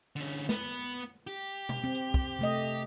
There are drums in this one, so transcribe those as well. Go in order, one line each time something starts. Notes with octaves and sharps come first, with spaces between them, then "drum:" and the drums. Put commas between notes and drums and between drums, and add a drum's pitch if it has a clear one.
D3 C#4
B3 B4, drum: snare
G4
drum: tom B2
C4
drum: hi-hat
drum: kick
C3 A3 D#5